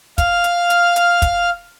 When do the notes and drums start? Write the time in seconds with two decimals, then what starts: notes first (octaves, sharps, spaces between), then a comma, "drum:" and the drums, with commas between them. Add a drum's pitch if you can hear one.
0.18 F5 F6, drum: kick, hi-hat
0.44 drum: hi-hat
0.70 drum: hi-hat
0.96 drum: hi-hat
1.22 drum: kick, hi-hat